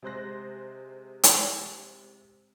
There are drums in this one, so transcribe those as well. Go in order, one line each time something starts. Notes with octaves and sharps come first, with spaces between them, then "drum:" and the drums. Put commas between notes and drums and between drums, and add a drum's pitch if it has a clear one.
C3 G#3 C5 C6 F#6 A#6
drum: hi-hat